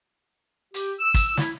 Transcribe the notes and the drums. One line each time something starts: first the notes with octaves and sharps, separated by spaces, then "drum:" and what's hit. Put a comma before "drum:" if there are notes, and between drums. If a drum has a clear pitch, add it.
G4, drum: hi-hat
E6
drum: kick, hi-hat
E4, drum: snare